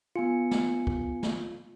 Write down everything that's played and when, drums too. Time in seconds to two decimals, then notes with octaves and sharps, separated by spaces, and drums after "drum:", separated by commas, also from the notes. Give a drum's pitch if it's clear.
0.16 B3 F4 G#5 C#7
0.51 drum: snare
0.87 drum: kick
1.23 drum: snare